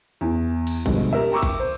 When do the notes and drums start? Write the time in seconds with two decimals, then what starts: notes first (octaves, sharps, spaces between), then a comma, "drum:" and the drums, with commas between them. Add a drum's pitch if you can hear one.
0.21 E2
0.67 drum: cymbal
0.86 G2 B2 D3 F3 G#3, drum: kick
1.13 G4 A#4 E5
1.32 G5 A#5 C#6 D6 E6
1.43 drum: kick, cymbal
1.59 C5